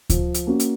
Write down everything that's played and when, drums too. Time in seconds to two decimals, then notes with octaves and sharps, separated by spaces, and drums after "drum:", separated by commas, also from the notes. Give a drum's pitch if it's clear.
0.10 F3, drum: kick D2, hi-hat
0.34 drum: hi-hat
0.47 A#3 C#4 F#4
0.60 drum: hi-hat